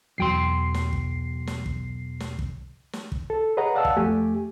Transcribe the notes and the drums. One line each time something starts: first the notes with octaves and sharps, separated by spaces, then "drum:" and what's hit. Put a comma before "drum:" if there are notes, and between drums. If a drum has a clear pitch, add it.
B1 E2 F#3 G5 C6 C7
drum: snare
drum: kick
drum: snare
drum: kick
drum: snare
drum: kick
drum: snare
drum: kick
A4
G#4 B4 C#5 D#5 F#5 A#5
D5 F5 F#5 A5 E6
drum: kick
F2 A3 G4 G#5